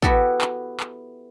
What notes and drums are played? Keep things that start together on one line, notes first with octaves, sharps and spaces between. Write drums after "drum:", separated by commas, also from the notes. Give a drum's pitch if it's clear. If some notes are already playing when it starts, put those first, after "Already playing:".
B3 E4 F#4 G4 A4, drum: kick
drum: clap
drum: clap